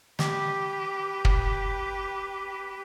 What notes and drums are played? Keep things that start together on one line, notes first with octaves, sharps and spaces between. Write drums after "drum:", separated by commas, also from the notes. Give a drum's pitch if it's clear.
G4 B4, drum: snare
drum: kick